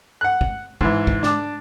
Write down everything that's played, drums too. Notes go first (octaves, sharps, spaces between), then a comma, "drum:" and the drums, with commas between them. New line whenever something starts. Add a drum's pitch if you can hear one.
F#5 F#6
drum: kick
G#2 E3, drum: kick
drum: kick
D4 D6, drum: snare